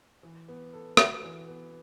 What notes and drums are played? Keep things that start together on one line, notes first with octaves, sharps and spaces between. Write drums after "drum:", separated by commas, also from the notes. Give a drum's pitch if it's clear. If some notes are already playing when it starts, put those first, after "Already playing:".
E3
B3
A4
F#4, drum: rim click
E3
B3